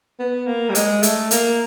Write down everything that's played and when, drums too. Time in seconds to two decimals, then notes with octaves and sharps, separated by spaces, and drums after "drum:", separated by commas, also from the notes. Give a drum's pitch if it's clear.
0.19 B3
0.47 A#3
0.69 G3
0.75 G#3, drum: hi-hat
1.03 A3, drum: hi-hat
1.31 A#3, drum: hi-hat